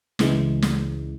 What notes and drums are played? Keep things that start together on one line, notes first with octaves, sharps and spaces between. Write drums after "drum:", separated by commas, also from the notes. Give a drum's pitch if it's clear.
C#2 C#3 E3 G#3, drum: snare
drum: snare